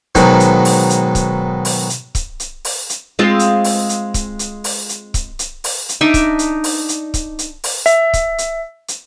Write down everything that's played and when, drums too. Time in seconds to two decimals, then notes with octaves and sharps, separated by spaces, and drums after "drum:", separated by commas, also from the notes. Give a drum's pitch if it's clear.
0.15 G#2 B2 D#3 F#3, drum: kick C#1, hi-hat
0.40 drum: hi-hat
0.65 drum: open hi-hat
0.90 drum: hi-hat
1.15 drum: kick C#1, hi-hat
1.65 drum: open hi-hat
1.90 drum: hi-hat
2.15 drum: kick C#1, hi-hat
2.40 drum: hi-hat
2.65 drum: open hi-hat
2.90 drum: hi-hat
3.19 G#3 C4 F4
3.39 drum: hi-hat
3.64 drum: open hi-hat
3.89 drum: hi-hat
4.14 drum: kick C#1, hi-hat
4.39 drum: hi-hat
4.64 drum: open hi-hat
4.89 drum: hi-hat
5.14 drum: kick C#1, hi-hat
5.39 drum: hi-hat
5.64 drum: open hi-hat
5.89 drum: hi-hat
6.01 D4 D#4 D5 E5
6.14 drum: kick C#1, hi-hat
6.39 drum: hi-hat
6.64 drum: open hi-hat
6.89 drum: hi-hat
7.14 drum: kick C#1, hi-hat
7.39 drum: hi-hat
7.64 drum: open hi-hat
7.86 E5, drum: hi-hat
8.13 drum: kick C#1, hi-hat
8.38 drum: hi-hat
8.88 drum: hi-hat